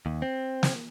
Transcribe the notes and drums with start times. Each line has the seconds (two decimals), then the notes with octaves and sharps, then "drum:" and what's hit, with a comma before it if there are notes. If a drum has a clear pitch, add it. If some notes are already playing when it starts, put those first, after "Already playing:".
0.06 D#2
0.22 C4
0.63 drum: snare